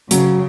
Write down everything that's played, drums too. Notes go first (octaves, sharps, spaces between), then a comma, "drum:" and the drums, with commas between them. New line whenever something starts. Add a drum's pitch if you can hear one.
C#3 F#3, drum: hi-hat